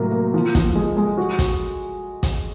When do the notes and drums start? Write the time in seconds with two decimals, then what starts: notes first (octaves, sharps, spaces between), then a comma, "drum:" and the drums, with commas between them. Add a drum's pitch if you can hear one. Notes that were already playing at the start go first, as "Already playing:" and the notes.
Already playing: A2 C3 F#3 A#3
0.12 A#3
0.34 F3
0.55 F3, drum: kick, hi-hat
0.75 G#3
0.97 G#3
1.17 F#4
1.39 drum: kick, hi-hat
2.23 drum: kick, hi-hat